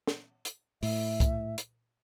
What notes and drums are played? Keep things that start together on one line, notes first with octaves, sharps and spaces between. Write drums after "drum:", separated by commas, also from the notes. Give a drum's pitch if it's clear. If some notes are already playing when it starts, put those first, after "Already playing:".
drum: snare
drum: hi-hat
A2 E5, drum: open hi-hat
drum: kick, hi-hat
drum: hi-hat